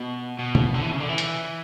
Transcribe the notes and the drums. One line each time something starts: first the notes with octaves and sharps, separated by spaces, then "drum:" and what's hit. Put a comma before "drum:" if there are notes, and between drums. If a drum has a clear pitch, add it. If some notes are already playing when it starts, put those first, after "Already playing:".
Already playing: B2
B2
drum: tom
D3
E3
C#3
D3
E3
drum: hi-hat